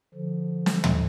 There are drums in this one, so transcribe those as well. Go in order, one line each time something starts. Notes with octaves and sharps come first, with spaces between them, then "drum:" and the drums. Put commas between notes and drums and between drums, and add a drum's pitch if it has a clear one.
D3 F3
drum: snare
drum: tom